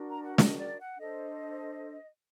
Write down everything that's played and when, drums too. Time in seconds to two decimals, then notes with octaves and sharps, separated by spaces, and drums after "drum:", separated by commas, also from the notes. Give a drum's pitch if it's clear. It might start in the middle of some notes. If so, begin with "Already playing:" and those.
Already playing: D4 F#4 A#4
0.09 A#5
0.23 F#5
0.38 D#5, drum: snare
0.58 D5
0.79 F#5
0.99 D4 A4 C5 D#5